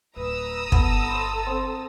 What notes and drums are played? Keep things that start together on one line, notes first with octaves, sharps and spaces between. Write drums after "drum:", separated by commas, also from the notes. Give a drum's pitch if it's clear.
D1 B4 A#5 D#6 E6
G1 B3 A4 A5, drum: kick
B4 C5
C4